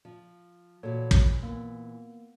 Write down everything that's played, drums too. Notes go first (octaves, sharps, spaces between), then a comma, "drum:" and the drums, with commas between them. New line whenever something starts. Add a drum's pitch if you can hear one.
F3
A#2 E3 F#4 A4 C#5
drum: kick
A#3 B3